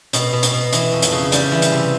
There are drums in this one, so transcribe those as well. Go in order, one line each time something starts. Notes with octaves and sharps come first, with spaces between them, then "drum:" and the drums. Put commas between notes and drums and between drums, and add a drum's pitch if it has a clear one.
B2, drum: hi-hat
B2
drum: hi-hat
B2
E3, drum: hi-hat
F2
drum: hi-hat
C#3
G3, drum: hi-hat
E3
drum: hi-hat
C3